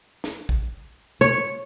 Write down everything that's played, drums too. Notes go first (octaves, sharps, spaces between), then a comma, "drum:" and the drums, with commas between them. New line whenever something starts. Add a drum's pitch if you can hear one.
drum: snare
drum: kick
C#5